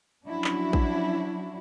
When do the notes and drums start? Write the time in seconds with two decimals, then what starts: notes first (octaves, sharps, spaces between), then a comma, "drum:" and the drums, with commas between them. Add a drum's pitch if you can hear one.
0.24 F3 F#3 C#4 D4 E4 F#4
0.44 drum: clap
0.73 drum: kick